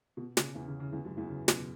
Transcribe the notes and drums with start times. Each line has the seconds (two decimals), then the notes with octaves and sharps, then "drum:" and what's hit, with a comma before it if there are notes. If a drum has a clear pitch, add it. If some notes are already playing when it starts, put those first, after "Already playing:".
0.17 B2
0.37 C#3, drum: snare
0.55 E2 E3
0.68 C#3
0.80 C#3
0.92 E2 E3
1.05 F#2 F#3
1.17 E2 E3
1.29 C#3
1.48 B2, drum: snare